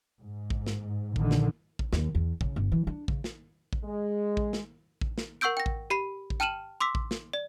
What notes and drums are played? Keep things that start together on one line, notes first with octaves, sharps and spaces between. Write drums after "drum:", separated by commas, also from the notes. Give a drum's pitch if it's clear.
G#2
drum: kick A1
drum: snare
A#1 D3 D#3, drum: kick A1
drum: snare
drum: kick A1
D#2, drum: snare
E2
C#3, drum: kick A1
G1
E3
D4
C#3, drum: kick A1
drum: snare
drum: kick A1
G#3
drum: kick A1
drum: snare
drum: kick A1
drum: snare
A#4 F#5 C#6 E6 G6 D7
G5 A#6
drum: kick A1
G4 B5 C7
drum: kick A1
G5 A5 F6 D#7 E7 F#7
C6 D6 E6 B6
drum: kick A1
drum: snare
D5